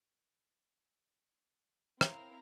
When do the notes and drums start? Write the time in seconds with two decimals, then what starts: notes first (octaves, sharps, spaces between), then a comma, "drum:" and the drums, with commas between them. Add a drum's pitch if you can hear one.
2.01 C4 E4 A#4 F5 A#5, drum: rim click